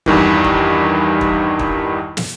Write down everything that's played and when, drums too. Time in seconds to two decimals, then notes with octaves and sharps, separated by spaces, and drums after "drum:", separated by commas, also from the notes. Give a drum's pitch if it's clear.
0.06 E2 G2 D#3 E3, drum: kick
0.44 drum: kick
1.21 drum: kick
1.59 drum: kick
2.17 drum: snare